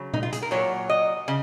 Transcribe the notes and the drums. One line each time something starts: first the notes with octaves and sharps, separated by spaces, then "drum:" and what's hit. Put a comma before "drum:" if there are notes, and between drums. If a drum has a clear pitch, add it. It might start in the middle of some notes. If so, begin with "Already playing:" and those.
Already playing: C#3 F#3
D#4, drum: tom A#2
F4
G#4, drum: hi-hat
A#4
A#2 F#3 C#5
D#5
C#3